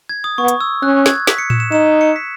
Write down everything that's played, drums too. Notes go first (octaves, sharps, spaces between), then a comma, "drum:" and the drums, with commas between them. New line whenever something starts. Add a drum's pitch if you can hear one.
G#6
D#6
B3 C#6
drum: hi-hat
E6
C#4 F#6
G#6, drum: snare
B6, drum: snare
C#7
E7, drum: tom A2
E7
D#4 E7
C#7
B6